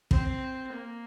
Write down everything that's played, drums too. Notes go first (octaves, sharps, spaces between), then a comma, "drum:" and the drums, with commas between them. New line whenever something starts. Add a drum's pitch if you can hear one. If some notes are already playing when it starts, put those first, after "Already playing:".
C4, drum: kick
A#3